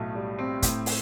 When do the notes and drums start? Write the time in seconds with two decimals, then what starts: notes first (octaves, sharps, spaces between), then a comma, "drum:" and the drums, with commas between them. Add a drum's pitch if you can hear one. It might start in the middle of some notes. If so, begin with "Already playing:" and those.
Already playing: B1 A2 A3
0.15 G3
0.39 C4
0.62 A2, drum: kick, hi-hat
0.86 drum: open hi-hat